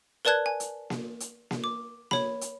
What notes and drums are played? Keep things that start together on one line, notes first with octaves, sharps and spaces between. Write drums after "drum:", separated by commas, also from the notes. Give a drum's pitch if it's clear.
A#4 B4 D5 A5 F#6 G#6
G#5
drum: hi-hat
drum: snare A#3
drum: hi-hat
drum: snare A#3
D6
C#5 B5, drum: snare A#3
drum: hi-hat